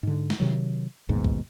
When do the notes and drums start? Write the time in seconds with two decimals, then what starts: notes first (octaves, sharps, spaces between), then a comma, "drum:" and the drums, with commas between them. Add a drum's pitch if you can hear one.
0.03 G#2 D3
0.30 drum: snare
0.40 C3 D#3 F#3
1.09 A1 D#2 G#2 B2
1.24 drum: kick